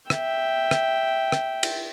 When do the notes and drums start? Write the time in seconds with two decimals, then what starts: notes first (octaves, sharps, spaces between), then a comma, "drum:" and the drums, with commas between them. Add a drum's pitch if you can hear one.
0.10 E5 G5, drum: rim click
0.71 drum: rim click
1.32 drum: rim click
1.63 drum: cymbal